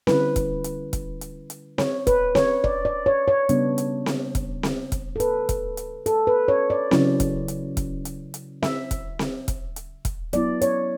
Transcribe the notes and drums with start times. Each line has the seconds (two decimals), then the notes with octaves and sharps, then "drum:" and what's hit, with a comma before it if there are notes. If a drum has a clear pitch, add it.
0.07 D3 G3 C#4 E4 B4, drum: snare C4
0.36 drum: kick E1, hi-hat
0.64 drum: hi-hat
0.93 drum: kick E1, hi-hat
1.21 drum: hi-hat
1.50 drum: hi-hat
1.78 C#5, drum: snare C4
2.07 B4, drum: kick E1, hi-hat
2.35 C#5, drum: snare C4
2.64 D5, drum: kick E1
2.85 D5
3.06 C#5
3.28 C#5
3.49 C#3 G3 B3 D4, drum: hi-hat
3.78 drum: hi-hat
4.06 drum: snare C4
4.35 drum: kick E1, hi-hat
4.63 drum: snare C4
4.92 drum: kick E1, hi-hat
5.16 A4
5.20 B4, drum: hi-hat
5.49 drum: kick E1, hi-hat
5.77 drum: hi-hat
6.06 A4, drum: hi-hat
6.27 B4
6.48 C#5
6.70 D5
6.91 C#3 F#3 C#4 E4, drum: snare C4
7.20 drum: kick E1, hi-hat
7.48 drum: hi-hat
7.77 drum: kick E1, hi-hat
8.05 drum: hi-hat
8.34 drum: hi-hat
8.63 E5, drum: snare C4
8.91 drum: kick E1, hi-hat
9.19 drum: snare C4
9.48 drum: kick E1, hi-hat
9.76 drum: hi-hat
10.05 drum: kick E1, hi-hat
10.33 F#3 B3 E4 D5, drum: hi-hat
10.61 C#5, drum: hi-hat